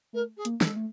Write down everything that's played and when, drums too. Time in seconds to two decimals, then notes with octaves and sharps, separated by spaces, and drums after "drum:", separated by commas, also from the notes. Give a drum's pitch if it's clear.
0.13 A3 A#4
0.37 G#4
0.45 A#3, drum: hi-hat
0.61 A4, drum: snare
0.65 G#3
0.76 A3